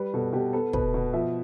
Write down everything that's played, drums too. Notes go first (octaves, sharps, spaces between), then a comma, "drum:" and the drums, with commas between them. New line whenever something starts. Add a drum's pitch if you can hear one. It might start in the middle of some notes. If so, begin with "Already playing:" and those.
Already playing: G3 B4
B2 A4
B2 G4
B3 A4
B2 B4, drum: kick
B2
F3 E5